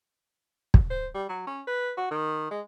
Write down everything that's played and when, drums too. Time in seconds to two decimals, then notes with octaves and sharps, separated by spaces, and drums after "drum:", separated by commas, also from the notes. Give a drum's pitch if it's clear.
0.74 drum: kick
0.90 C5
1.15 G3
1.29 F#3
1.47 C#4
1.67 B4
1.97 F#4
2.11 D#3
2.51 G#3